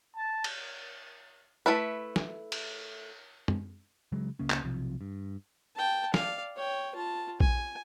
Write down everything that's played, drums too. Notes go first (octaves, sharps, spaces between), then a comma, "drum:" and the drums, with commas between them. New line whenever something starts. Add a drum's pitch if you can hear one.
A5
drum: cymbal
A3 E4 B4
drum: snare
drum: cymbal
drum: tom F#2
C#3 F#3 G#3
C#2 C#3 A#3 C#4
drum: clap
B1 C3 F3
G2
G5 A5
D5 F5, drum: snare
C#5 G5
F4 A5
G#5, drum: kick A#1